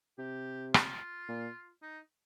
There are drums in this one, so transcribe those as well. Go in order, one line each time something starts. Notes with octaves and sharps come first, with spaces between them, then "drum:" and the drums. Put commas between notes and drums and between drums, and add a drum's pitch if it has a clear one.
C3 G4
F4, drum: rim click
A#2
D#4